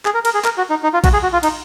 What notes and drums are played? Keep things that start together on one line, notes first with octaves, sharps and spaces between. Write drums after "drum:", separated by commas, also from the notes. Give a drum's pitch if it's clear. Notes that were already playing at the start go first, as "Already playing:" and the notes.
G#4, drum: clap
A#4
A#4, drum: cymbal
G#4
A#4, drum: clap
F#4
D#4
D#4
F4
F#4, drum: kick A#1, cymbal
G#4
F#4
F4
D#4, drum: cymbal